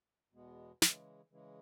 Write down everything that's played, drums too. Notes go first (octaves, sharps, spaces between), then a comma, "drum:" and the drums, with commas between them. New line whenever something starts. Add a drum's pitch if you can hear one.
E2 B2 G#3 B3
C#3 E3 G#3, drum: snare
C#3 E3 G#3